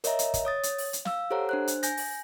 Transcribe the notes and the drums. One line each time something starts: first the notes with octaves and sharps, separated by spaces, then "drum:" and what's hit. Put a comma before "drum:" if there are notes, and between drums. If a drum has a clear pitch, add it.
A#4 C#5 D#5 E5 A#5, drum: hi-hat
drum: hi-hat
drum: kick, hi-hat
C#5 D#6 A6
drum: hi-hat
drum: open hi-hat
drum: hi-hat
F5 E6, drum: snare
G4 A4 C5 C#5 F#5 A#5
D4 C5 F#6
drum: hi-hat
G#5 G6 A#6, drum: hi-hat
drum: open hi-hat